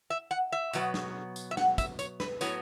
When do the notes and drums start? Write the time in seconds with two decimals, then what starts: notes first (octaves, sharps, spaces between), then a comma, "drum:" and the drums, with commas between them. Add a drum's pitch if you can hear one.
0.10 E5
0.31 F#5
0.52 E5
0.73 B2 F#3 B3, drum: tambourine
0.94 drum: snare
1.36 drum: tambourine
1.51 E5
1.57 F#5, drum: snare
1.78 E5, drum: kick, tambourine
1.99 C#5, drum: tambourine
2.20 B4, drum: snare
2.41 A2 F#3 B3 C#5, drum: tambourine